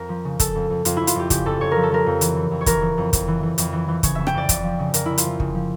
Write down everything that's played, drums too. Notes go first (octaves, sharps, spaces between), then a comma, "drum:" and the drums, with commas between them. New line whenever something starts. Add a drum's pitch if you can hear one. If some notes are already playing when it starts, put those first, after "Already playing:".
Already playing: F2 A#4
F3
C#3
C#3 A4, drum: kick, hi-hat
F2
F2
F2 F4, drum: hi-hat
F2 E4
F4, drum: hi-hat
F2 G4
C#3 G4, drum: kick, hi-hat
F2 A4
F2 C#5
F3 A#4
A4
F3 A#4
F2
E3, drum: hi-hat
E3
F2
C#5
E3 A#4, drum: kick, hi-hat
E3
F2
F2, drum: kick, hi-hat
E3
E3
F2, drum: hi-hat
E3
E3
C#3 C#5, drum: kick, hi-hat
F2 E5
G5, drum: rim click
F2 D5
F2, drum: kick, hi-hat
F3
C#3
F2 A#4, drum: hi-hat
C#3 E4
F4, drum: hi-hat
F3
C#3, drum: kick
F3